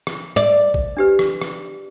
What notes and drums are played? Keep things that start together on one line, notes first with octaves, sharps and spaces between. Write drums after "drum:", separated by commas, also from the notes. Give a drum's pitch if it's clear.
drum: rim click
D5
drum: kick
D4 G4 B4
drum: rim click
drum: rim click